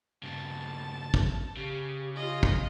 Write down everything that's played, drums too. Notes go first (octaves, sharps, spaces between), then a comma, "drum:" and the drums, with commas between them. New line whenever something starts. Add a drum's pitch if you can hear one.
G2 C#3 A5
drum: kick
C#3 G4
F4 D#5
drum: kick